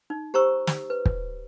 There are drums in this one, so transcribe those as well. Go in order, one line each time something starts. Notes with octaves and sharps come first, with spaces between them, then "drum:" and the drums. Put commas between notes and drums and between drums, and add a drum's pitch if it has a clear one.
D#4
G4 C5 A#5 C#6 E6
drum: snare
B4
drum: kick